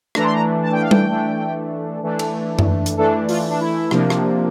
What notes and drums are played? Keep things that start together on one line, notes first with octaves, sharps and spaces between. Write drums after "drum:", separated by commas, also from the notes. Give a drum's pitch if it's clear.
E3 A3 D4 A#5, drum: rim click
C6
A#5
A5
G5
F5
G5, drum: tom G3
E3 A3 D4
E3 A3 D4
drum: cymbal
drum: tom F#2
drum: hi-hat
E3 A3 D4 A4
F4, drum: open hi-hat
D4
E4
C3 F3 A#3 D4, drum: rim click
drum: rim click